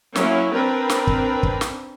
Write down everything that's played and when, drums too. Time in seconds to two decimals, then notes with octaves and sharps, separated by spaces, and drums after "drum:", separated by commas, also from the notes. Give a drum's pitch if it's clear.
0.16 F#3 A#3 C#4 E4, drum: snare
0.54 C4 D4 A#4 B4
0.90 drum: snare
1.07 drum: kick
1.43 drum: kick
1.61 drum: snare